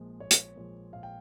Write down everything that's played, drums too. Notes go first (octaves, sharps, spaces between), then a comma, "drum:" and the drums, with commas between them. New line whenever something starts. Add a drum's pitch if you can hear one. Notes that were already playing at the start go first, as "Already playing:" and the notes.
Already playing: A#1 A#2 F3 G#3
A#1 C#5
drum: hi-hat
A#2 F3 G#3
A#1 F5
G5